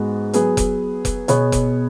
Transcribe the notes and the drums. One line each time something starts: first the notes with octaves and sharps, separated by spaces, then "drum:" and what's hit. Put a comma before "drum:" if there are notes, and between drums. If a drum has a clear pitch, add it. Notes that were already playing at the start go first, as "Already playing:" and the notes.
Already playing: G#2 G#3 B3 F#4
F#3 B3 G#4 B4, drum: hi-hat
drum: kick F1, hi-hat
drum: kick F1, hi-hat
B2 B3 G#4 C#5, drum: hi-hat
drum: kick F1, hi-hat